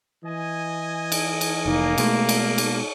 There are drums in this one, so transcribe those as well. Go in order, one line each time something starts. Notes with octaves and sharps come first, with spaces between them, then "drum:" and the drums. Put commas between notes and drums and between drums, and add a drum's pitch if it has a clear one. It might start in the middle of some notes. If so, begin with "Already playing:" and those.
E3 D#5 G#5
drum: cymbal
drum: cymbal
F1 A#3 D#4
B2 G#3 A3, drum: cymbal
drum: cymbal
drum: cymbal